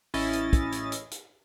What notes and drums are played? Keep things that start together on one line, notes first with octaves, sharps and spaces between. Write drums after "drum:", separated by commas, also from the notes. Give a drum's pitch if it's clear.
A1 C#4 E4 D#5 A6, drum: open hi-hat
drum: hi-hat
drum: kick, hi-hat
drum: hi-hat
drum: hi-hat
drum: hi-hat